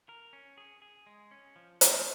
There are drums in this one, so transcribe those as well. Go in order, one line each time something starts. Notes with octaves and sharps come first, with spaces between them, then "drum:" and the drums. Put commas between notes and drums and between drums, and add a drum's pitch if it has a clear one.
A#4
C#4
G#4
G#4
G#3
C#4
F3
F3, drum: hi-hat